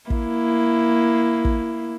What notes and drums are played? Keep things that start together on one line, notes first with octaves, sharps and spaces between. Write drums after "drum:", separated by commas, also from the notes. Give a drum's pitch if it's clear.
A#3 E4, drum: kick
drum: kick